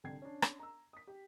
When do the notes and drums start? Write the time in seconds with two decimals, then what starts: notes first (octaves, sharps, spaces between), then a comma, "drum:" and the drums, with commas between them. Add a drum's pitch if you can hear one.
0.04 C2 D3 G5 G#6 C7
0.22 C#4 D4
0.42 drum: rim click
0.59 A#5 E6
0.93 D#6 B6
1.07 G4